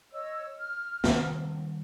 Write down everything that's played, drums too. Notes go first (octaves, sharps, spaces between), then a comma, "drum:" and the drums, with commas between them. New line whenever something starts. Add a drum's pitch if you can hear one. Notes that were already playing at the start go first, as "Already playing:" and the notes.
C#5 D#5 E6
F6
D#3 G3, drum: snare